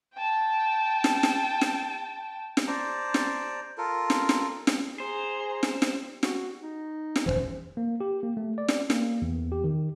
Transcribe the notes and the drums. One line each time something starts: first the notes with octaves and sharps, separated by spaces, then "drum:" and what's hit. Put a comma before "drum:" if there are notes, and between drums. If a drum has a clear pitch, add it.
G5 A5
drum: snare
drum: snare
drum: snare
drum: snare
C5 D5 A5 A#5
drum: snare
F4 A4 A#4
drum: snare
drum: snare
drum: snare
G#4 C5 A#5
drum: snare
drum: snare
F#4, drum: snare
D#4
drum: snare
D#1 C2 E3 C#4 C5
A#3
G4
A#3
A3
D5
drum: snare
A#3, drum: snare
E2
G4
D#3